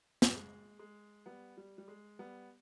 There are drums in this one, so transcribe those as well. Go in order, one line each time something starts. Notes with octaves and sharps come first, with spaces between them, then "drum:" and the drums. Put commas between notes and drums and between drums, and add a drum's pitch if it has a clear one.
G3, drum: snare
G#3
G#3
G3 B3
G3
G3
G#3
G3 B3